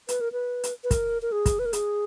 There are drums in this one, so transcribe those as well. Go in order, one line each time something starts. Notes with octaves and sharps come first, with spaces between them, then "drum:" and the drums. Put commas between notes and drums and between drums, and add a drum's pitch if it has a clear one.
B4, drum: hi-hat
A#4
B4
drum: hi-hat
B4
A#4, drum: kick, hi-hat
A#4
G#4
drum: kick, hi-hat
B4
A#4
G#4, drum: hi-hat